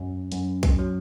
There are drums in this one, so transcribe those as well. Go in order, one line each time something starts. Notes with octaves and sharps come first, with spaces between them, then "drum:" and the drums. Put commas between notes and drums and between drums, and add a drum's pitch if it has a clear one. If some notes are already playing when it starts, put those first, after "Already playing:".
Already playing: F#2 F#3
F#2, drum: hi-hat
drum: kick, hi-hat
F#3